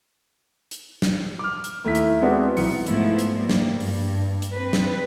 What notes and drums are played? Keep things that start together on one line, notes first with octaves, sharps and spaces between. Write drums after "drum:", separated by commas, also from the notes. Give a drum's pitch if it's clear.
drum: hi-hat
drum: snare
D6 F6
drum: hi-hat
D#2 A3 E4 B6
drum: hi-hat
G#3 B3 C4 D4 F#4
B1 E3 B3 C#7, drum: open hi-hat
G#2 F3 A3 B3 E4, drum: hi-hat
drum: hi-hat
G3 A#3
drum: snare
G2, drum: open hi-hat
drum: hi-hat
C4 B4
drum: snare